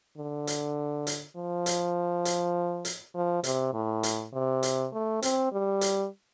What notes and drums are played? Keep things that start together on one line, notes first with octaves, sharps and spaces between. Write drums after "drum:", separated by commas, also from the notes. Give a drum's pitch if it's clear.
D3
drum: hi-hat
drum: hi-hat
F3
drum: hi-hat
drum: hi-hat
drum: hi-hat
F3
C3, drum: hi-hat
A2
drum: hi-hat
C3
drum: hi-hat
A3
C4, drum: hi-hat
G3
drum: hi-hat